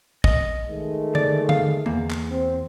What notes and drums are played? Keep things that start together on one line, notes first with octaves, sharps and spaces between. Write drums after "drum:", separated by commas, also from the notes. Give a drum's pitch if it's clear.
D#5, drum: kick
D#3 G#3 A3
D5, drum: tom D3
F5, drum: tom D3
E2 A#3, drum: tom D3
drum: clap
C4